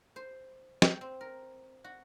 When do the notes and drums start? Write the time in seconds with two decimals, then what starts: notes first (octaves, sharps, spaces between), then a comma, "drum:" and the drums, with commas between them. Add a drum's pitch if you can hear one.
0.16 C5
0.82 G5, drum: snare
1.01 C4
1.21 A#4
1.84 F#4